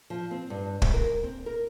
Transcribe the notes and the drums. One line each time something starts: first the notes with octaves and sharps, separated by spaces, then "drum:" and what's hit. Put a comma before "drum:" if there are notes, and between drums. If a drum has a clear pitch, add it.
F3
C4
G2
G#2, drum: kick
A#4
C4
A#4